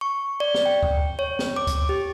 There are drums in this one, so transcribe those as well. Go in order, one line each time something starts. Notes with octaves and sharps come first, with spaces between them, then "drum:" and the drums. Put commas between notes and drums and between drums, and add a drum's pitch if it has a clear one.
C#6
D5
drum: snare
G5
drum: kick D2
C#5
drum: snare
D6
drum: kick D2, hi-hat
G4